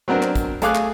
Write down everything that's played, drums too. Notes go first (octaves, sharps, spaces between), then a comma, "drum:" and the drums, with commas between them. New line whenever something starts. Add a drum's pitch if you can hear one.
F#3 B3 C4 D4 A#4
drum: clap
drum: kick, hi-hat
A3 G#4 F5 G#5 D6 F#6, drum: hi-hat
drum: clap